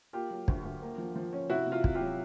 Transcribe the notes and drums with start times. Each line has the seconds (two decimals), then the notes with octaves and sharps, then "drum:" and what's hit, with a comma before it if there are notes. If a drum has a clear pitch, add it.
0.13 A#3 F4 G4
0.31 F#3
0.48 D2, drum: kick
0.65 D2
0.82 A#3
0.98 F3
1.16 F3
1.33 C#4
1.49 C3 E4 F#4
1.66 C3
1.72 F4
1.84 C3, drum: kick
1.95 F4 G4
2.00 F#3